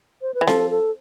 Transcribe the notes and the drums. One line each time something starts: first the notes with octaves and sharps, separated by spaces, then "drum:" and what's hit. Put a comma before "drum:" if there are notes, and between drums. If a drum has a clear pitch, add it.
C5
B4
E3
F3 A4, drum: snare C4
A4